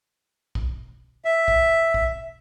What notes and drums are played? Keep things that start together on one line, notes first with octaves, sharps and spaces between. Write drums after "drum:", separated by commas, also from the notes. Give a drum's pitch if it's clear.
drum: kick
E5
drum: kick
drum: kick